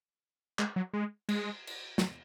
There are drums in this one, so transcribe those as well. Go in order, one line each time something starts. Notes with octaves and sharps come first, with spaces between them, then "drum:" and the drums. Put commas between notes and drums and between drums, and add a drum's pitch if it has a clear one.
G#3, drum: clap
F#3
G#3
G#3, drum: cymbal
drum: cymbal
F#3, drum: snare